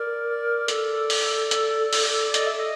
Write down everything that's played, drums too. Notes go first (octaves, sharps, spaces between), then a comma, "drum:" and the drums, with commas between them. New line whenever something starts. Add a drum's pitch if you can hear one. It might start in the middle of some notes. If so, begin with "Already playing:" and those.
Already playing: A#4 D5
A4, drum: hi-hat
drum: open hi-hat
drum: hi-hat
drum: open hi-hat
D#5, drum: hi-hat
E5
D#5